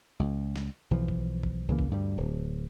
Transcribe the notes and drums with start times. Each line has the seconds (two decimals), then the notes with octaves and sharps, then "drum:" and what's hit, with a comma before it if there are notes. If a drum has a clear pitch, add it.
0.20 C#2
0.56 drum: snare
0.91 B1 E3 F3
1.08 drum: kick A1
1.43 drum: kick A1
1.68 C#2 C#3 E3 A#3
1.79 drum: kick A1
1.89 D2 G2 G3
2.17 D1